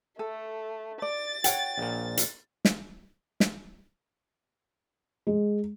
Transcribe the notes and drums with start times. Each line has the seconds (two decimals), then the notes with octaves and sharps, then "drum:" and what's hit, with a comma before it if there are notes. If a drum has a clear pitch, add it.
0.19 A3 A4
1.02 D5 A6
1.44 C#5 F#5 G5, drum: hi-hat
1.78 A#1 A#2
2.17 drum: hi-hat
2.65 drum: snare
3.40 drum: snare
5.27 G#3